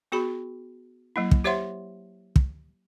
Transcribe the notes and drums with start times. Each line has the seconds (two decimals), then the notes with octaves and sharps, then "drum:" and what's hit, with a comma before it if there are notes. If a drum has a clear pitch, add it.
0.12 B3 F#4 G#4 B5
1.16 F#3 A#3 E4
1.31 drum: kick
1.44 G4 C5 C#5 E5 F#5 C6
2.36 drum: kick